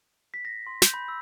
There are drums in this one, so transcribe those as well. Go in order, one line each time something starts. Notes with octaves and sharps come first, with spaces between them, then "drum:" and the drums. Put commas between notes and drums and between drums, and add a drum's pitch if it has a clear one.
B6
A#6
C6
G6, drum: snare
B5
E6